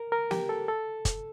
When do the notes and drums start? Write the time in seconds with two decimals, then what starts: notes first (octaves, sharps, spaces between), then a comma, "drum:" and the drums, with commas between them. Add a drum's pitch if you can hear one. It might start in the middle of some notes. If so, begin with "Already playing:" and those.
Already playing: A#4
0.12 A#4
0.31 G4, drum: snare
0.49 A4
0.68 A4
1.05 drum: kick, hi-hat